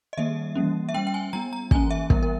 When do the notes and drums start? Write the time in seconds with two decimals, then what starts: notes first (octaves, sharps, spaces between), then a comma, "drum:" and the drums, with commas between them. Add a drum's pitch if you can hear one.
0.13 D#5
0.18 D#3 G3 A#3 E5
0.55 E3 G3 A#3 C#4
0.89 E5
0.94 G3 C#4 G5
1.07 G5
1.14 G#5
1.33 G3 B3 A#5
1.53 A#5
1.71 E3 A#3 C#4 G#5, drum: kick
1.91 E5
2.10 E3 G3 B3 A#4, drum: kick
2.23 A#4